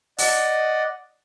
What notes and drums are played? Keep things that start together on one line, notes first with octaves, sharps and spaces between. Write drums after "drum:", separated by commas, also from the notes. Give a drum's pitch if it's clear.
D5 D#5 F#5, drum: open hi-hat